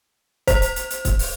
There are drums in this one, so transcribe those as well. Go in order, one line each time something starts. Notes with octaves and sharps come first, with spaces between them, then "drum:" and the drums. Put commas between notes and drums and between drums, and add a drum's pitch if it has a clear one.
C5, drum: kick, hi-hat
drum: hi-hat
drum: hi-hat
drum: hi-hat
drum: kick, hi-hat
drum: open hi-hat